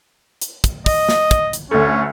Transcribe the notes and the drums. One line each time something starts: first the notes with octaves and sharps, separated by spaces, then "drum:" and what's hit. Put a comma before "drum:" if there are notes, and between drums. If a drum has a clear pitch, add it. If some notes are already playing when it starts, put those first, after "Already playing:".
drum: hi-hat
drum: kick, hi-hat
D#5, drum: kick, open hi-hat
drum: snare
drum: kick, hi-hat
drum: hi-hat
D2 A3 C#4